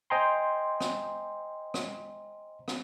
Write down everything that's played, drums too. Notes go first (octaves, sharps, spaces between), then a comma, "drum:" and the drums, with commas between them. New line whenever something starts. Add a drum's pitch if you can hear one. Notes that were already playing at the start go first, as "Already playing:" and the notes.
C5 D#5 G5 G#5 A#5 C6
drum: rim click
drum: rim click
drum: rim click